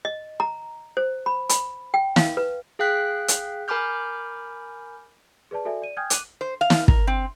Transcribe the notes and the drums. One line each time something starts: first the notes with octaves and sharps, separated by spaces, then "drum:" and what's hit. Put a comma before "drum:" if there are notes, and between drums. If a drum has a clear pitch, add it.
D#5
A#5
C5
B5
B5, drum: hi-hat
G5
F5, drum: snare
B4
G#4 F5 G5 F#6 B6
drum: hi-hat
A#4 G#5 B5 D6 F6 G6
G#4 B4 D5 A5
F#4 A4 D5 E5 G#5
D5 D#7
G5 G#5 D#6 F6 G6 G#6
D6 F#6 D#7, drum: hi-hat
C5
F5
drum: snare
A#4, drum: kick
C4